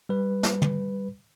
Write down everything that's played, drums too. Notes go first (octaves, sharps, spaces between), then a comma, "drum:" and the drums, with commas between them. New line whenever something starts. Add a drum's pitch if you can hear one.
G3 B4
drum: snare
drum: tom